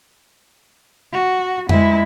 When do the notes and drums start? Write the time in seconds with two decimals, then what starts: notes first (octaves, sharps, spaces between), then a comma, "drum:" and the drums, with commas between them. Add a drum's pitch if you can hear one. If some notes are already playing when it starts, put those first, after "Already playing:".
1.12 F#4
1.69 G#3 E4, drum: tom F2